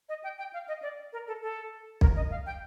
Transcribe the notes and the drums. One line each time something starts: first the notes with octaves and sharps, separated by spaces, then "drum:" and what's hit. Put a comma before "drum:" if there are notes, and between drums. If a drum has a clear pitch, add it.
D#5
G5
G5
F5
D#5
D5
A#4
A4
A4
A#4, drum: kick B1
D#5
F5
G5